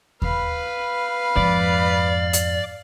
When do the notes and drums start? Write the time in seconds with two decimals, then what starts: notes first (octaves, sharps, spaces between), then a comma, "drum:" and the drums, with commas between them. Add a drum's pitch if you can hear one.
0.22 B4 F5 B5, drum: kick D#2
1.36 F2 G#2 D5
2.33 drum: hi-hat